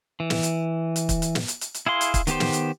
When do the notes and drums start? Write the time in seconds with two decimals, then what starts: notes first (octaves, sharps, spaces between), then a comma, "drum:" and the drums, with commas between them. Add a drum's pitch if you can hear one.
0.20 E3
0.30 drum: snare
0.43 drum: hi-hat
0.96 drum: hi-hat
1.09 drum: kick, hi-hat
1.22 drum: hi-hat
1.35 drum: snare
1.48 drum: hi-hat
1.61 drum: hi-hat
1.74 drum: hi-hat
1.87 E4 G#4 F5 C6
2.01 drum: hi-hat
2.14 drum: kick, hi-hat
2.27 D#3 B3 G4 C5, drum: hi-hat
2.40 drum: snare
2.53 drum: hi-hat